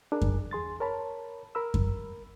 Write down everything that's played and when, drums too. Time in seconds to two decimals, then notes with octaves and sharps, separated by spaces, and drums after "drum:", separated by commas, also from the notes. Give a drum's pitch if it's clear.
0.12 D4 G#4 A#4
0.22 drum: kick F#2
0.51 E2 G#4 C6 A6
0.80 A#4 C#5 A5 B5
1.55 A#4 B5 E6
1.74 drum: kick F#2